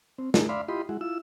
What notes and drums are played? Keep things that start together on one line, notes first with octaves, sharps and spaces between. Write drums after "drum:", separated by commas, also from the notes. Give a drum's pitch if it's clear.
C4
D#4 E4 G#4 A#4, drum: snare
D5 E5 F5 B5 C6
E4 F4 G4 D#5 B5 C6
G#3 E4 F#4
E4 F4 E6